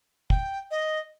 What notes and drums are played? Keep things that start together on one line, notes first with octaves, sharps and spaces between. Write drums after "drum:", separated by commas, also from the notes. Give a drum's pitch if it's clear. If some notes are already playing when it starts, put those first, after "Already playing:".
G5, drum: kick
D#5